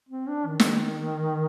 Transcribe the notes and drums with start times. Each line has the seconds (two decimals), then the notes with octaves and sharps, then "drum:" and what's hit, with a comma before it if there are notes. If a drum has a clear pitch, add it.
0.09 C4
0.28 D4
0.47 D#3
0.60 drum: snare